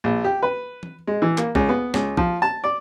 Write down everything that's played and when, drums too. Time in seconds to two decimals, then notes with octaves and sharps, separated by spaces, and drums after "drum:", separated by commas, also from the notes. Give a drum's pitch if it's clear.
0.04 A#1
0.24 G4
0.43 B4
0.83 drum: tom E3
1.07 G#3
1.22 E3
1.38 A#3, drum: clap
1.55 C#2, drum: kick A#1
1.69 B3
1.94 C#2, drum: snare
2.17 F3, drum: kick A#1
2.42 A5
2.64 D5